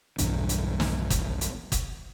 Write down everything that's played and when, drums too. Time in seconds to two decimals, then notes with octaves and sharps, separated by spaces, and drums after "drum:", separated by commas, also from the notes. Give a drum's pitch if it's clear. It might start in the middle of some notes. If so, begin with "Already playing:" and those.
0.18 B1 E2 G2 D4, drum: hi-hat
0.49 drum: hi-hat
0.80 drum: snare
1.10 drum: kick F#1, hi-hat
1.41 drum: hi-hat
1.72 drum: kick F#1, hi-hat